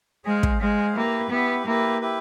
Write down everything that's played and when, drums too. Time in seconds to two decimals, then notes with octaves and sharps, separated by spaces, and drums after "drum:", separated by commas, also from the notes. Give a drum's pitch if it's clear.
0.25 G#3 G#4 C5 F5
0.43 drum: kick
0.60 G#3 G#4 C5 F5
0.96 A#3 E4 G4 B4
1.30 B3 E4 G4 B4
1.66 A#3 E4 G4 B4
2.01 E4 G4 B4